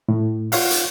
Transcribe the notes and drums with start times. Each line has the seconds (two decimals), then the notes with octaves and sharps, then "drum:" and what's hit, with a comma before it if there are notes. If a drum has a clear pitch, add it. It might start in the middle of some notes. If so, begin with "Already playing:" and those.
0.09 A2
0.52 F4 C#5 F5 F#5, drum: open hi-hat
0.70 drum: hi-hat